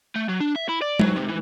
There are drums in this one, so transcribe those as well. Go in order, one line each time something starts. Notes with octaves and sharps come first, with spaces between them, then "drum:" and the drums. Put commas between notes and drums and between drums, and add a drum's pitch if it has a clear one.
A3
F#3
D4
E5
E4
D5
F#3, drum: tom G#3
C3
E3